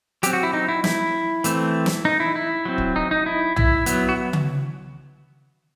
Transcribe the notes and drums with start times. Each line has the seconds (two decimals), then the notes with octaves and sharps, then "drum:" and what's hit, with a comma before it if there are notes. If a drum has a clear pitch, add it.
0.23 F#3 C4 G4, drum: hi-hat
0.33 F#4
0.43 E4
0.53 D#4
0.68 E4
0.84 E4, drum: snare
1.44 E3 A3 C4, drum: hi-hat
1.86 drum: snare
2.05 D#4
2.20 E4
2.36 E4
2.65 F#3 C4
2.78 drum: kick
2.96 D#4
3.11 D#4
3.26 E4
3.56 E4, drum: tom B1
3.86 F#3 B3, drum: hi-hat
4.09 F#4
4.33 drum: tom C#3